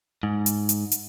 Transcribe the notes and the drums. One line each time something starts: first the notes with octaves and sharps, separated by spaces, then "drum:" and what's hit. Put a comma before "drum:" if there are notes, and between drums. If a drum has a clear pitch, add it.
G#2
drum: hi-hat
drum: hi-hat
drum: hi-hat